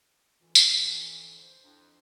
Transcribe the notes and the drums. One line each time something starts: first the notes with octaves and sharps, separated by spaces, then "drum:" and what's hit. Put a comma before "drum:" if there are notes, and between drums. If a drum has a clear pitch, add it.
F2 G#2 D3 E3 F4
drum: tambourine
E4
C5
F2 D4 E4